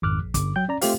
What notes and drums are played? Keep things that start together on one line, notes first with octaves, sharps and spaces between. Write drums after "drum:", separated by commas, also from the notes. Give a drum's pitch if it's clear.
G#1 F2 D6 F6 F#6
A#1
G1 D6, drum: kick, hi-hat
F#3 G5 G6
C#4 D5 A#5
A3 C4 F4 G4 C5 F5, drum: open hi-hat